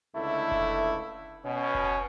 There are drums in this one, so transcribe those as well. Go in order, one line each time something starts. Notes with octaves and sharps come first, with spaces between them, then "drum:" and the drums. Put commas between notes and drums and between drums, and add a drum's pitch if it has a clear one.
C#2 D3 A3 E4
drum: kick F1
B2 C#4
drum: kick F1